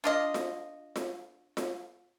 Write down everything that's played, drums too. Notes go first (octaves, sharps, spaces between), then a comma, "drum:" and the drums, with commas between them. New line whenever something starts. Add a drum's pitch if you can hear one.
D4 F4 D#5
drum: snare F4
drum: snare F4
drum: snare F4